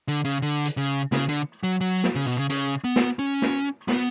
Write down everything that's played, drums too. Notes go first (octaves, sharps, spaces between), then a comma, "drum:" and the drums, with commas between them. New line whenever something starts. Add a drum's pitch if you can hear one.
D3
C#3
D3
drum: hi-hat
C#3
C#3, drum: snare
D3
F#3
F#3
drum: snare
C#3
B2
C#3
C#3, drum: hi-hat
B3
drum: snare
C#4
drum: snare
B3, drum: snare